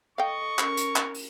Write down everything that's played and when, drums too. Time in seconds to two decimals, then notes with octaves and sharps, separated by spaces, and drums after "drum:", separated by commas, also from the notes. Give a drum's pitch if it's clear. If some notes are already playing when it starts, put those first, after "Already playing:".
0.18 A4 D#5 F5 G5 C#6
0.59 C#4 A#4, drum: clap
0.77 drum: hi-hat
0.96 drum: clap
1.15 drum: open hi-hat